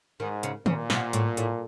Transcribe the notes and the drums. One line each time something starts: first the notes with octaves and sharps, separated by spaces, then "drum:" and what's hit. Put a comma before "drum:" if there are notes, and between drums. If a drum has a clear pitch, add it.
G#2 D#3
C#3, drum: hi-hat
A#2 C#3, drum: tom D#3
B2, drum: snare
A2, drum: hi-hat
A2, drum: hi-hat